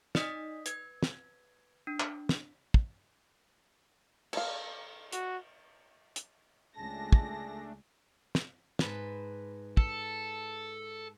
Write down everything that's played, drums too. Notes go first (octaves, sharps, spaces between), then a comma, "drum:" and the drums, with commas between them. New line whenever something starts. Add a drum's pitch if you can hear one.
D#4 D5 D#5 D#6 B6, drum: snare
B4 G#6, drum: hi-hat
drum: snare
D4
drum: clap
drum: snare
drum: kick
A4 F5, drum: cymbal
F#4, drum: hi-hat
drum: hi-hat
C#2 A3 D4 G#4 A5 A#6
drum: kick
drum: snare
G#2 B4 A5, drum: snare
A4, drum: kick